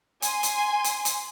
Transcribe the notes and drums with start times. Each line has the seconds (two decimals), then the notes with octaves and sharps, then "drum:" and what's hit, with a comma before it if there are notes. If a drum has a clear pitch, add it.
0.22 G#5 C6, drum: hi-hat
0.43 drum: hi-hat
0.84 drum: hi-hat
1.05 drum: hi-hat